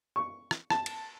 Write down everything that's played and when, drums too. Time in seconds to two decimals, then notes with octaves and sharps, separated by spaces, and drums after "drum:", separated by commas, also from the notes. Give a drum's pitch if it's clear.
0.16 C#6
0.51 drum: rim click
0.70 A5, drum: rim click
0.86 drum: cymbal